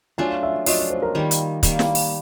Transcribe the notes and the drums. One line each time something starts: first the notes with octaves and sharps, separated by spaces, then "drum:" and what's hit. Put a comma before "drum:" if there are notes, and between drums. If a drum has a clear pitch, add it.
F#3 A3 D4 F4 G#5
E5
F#3 A3 D4 F4 D#5, drum: open hi-hat
D5
C5
A#4
D#3 G3 A#3
drum: hi-hat
D#3 G3 A#3, drum: kick, hi-hat
drum: snare
drum: open hi-hat